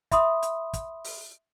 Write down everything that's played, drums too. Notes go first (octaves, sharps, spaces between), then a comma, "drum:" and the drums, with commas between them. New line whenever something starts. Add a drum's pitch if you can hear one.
E5 B5 C6 D#6, drum: kick, hi-hat
drum: hi-hat
drum: kick, hi-hat
drum: open hi-hat